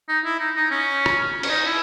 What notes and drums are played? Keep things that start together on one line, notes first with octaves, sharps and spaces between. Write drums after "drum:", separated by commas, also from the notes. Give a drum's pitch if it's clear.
D#4
E4
D#4
D#4
C#4
drum: rim click
C#4, drum: cymbal
D#4
E4